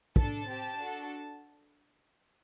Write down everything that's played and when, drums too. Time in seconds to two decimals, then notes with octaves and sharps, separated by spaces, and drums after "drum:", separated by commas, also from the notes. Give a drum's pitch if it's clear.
0.16 D4 A4 A5, drum: kick
0.47 C4 G4
0.79 D4 F#4 A4